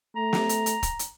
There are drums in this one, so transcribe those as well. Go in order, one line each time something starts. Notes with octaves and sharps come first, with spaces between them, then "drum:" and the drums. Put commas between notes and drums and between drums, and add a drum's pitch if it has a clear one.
A3 A#5
drum: snare
drum: hi-hat
drum: hi-hat
drum: kick, hi-hat
drum: hi-hat